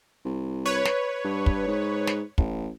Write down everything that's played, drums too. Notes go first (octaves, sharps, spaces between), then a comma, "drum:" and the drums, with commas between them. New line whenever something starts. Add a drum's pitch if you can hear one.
C2
B4 C#5
drum: snare
G2
drum: kick
G#2
drum: snare
A1, drum: kick